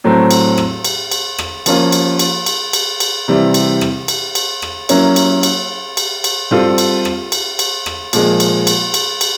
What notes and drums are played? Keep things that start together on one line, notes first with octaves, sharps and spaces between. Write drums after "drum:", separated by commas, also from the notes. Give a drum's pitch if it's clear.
A2 F#3 A3 C4
drum: cymbal
drum: rim click
drum: cymbal
drum: cymbal
drum: rim click
F3 A#3 C#4 F4, drum: cymbal
drum: cymbal
drum: cymbal
drum: cymbal
drum: cymbal
drum: cymbal
C3 E3 G3 C4 E4
drum: cymbal
drum: rim click
drum: cymbal
drum: cymbal
drum: rim click
F#3 A#3 C#4 E4, drum: cymbal
drum: cymbal
drum: cymbal
drum: cymbal
drum: cymbal
G3 C4 F4 A4, drum: tom
drum: cymbal
drum: rim click
drum: cymbal
drum: cymbal
drum: rim click
A#2 F3 G#3, drum: cymbal
drum: cymbal
drum: cymbal
drum: cymbal
drum: cymbal